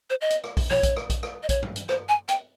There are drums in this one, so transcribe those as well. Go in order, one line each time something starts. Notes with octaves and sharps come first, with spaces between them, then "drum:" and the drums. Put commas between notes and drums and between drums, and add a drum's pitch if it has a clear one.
C5
D#5
drum: hi-hat
drum: rim click
drum: kick A#1, open hi-hat
C#5, drum: tom
drum: kick A#1, hi-hat
drum: rim click
drum: kick A#1, hi-hat
drum: rim click
D#5
C#5, drum: kick A#1, hi-hat
drum: tom G2
drum: hi-hat
C5, drum: rim click
G#5
G5, drum: hi-hat